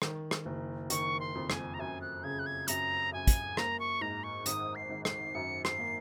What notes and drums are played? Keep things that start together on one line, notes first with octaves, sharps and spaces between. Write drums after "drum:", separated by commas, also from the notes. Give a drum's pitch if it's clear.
D#3, drum: rim click
drum: rim click
F#1
D#3 C#6, drum: hi-hat
C6
F2
G#5, drum: rim click
A#5
F#2 G#5
F#6
C#3 G#6
F#6
G#6
F#2 A#5, drum: hi-hat
F#2 G#5
drum: kick, hi-hat
A#3 A#5, drum: rim click
C#6
G#2 A#5
C#6
G#1 D#6, drum: hi-hat
C7
G#1
C7, drum: rim click
F#2 C#7
C7, drum: rim click
A#3